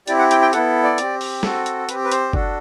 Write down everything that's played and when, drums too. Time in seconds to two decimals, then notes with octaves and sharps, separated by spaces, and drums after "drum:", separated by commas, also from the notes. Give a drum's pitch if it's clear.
0.07 C4 E4 G4 D5, drum: hi-hat
0.19 F#5
0.31 G5, drum: hi-hat
0.42 G5
0.53 B3 E4 A4 F#5, drum: hi-hat
0.83 D5
0.98 C4 G4, drum: hi-hat
1.21 drum: open hi-hat
1.43 C4 F#4 A4, drum: snare
1.66 drum: hi-hat
1.89 C4 G4 B4, drum: hi-hat
2.04 B4
2.12 C5, drum: hi-hat
2.33 D4 F#4 A4, drum: kick F#1